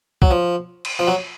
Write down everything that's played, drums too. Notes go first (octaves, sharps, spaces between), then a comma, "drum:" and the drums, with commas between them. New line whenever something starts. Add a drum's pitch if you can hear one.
F#3, drum: kick
F3
drum: cymbal
F3
F#3